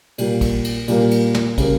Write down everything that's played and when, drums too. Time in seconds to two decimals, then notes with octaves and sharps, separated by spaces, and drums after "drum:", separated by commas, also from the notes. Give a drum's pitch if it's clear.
0.18 A#2 G3 A#3, drum: cymbal
0.41 drum: kick, cymbal
0.65 drum: cymbal
0.88 A#2 G3 A#3, drum: cymbal
1.11 drum: cymbal
1.34 drum: snare
1.58 C#3 G3 A#3, drum: kick, cymbal